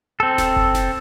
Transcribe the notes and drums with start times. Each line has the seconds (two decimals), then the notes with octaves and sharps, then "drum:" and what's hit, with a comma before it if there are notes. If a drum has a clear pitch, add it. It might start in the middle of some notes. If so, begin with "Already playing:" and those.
0.20 C4 A4
0.38 drum: snare D#1
0.56 drum: kick F#1
0.75 drum: snare D#1